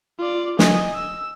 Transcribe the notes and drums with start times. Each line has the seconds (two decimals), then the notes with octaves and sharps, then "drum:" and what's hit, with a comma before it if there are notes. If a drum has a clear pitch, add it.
0.19 F4 D5
0.59 D#5 G#5, drum: snare
0.95 E6